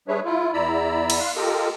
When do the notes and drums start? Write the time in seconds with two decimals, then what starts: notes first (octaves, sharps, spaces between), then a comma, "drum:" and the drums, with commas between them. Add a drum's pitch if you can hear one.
0.08 G3 D4 G#4 B4 C#5 E5
0.25 E4 F4
0.54 E2 E4 D5 A#5 B5 E6
1.10 drum: cymbal
1.20 F5 C6 F#6
1.36 F4 G4 A4 A#4 D#5